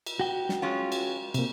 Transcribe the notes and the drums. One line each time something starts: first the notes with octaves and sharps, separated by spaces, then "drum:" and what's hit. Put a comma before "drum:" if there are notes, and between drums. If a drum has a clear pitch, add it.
drum: cymbal
F#4 G5
drum: snare
G#3 C#4 F4
drum: cymbal
C3 A#3, drum: cymbal